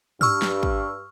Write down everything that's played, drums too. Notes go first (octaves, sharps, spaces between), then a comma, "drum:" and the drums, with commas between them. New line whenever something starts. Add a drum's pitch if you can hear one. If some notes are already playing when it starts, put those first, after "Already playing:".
G2 C#6 E6 F6, drum: tom
drum: snare
drum: kick